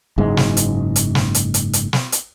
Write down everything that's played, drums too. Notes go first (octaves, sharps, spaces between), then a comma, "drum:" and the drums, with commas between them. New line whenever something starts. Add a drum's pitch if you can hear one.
F#1 G#2 G#3
drum: snare
drum: hi-hat
drum: hi-hat
drum: snare
drum: hi-hat
drum: hi-hat
drum: hi-hat
drum: snare
drum: hi-hat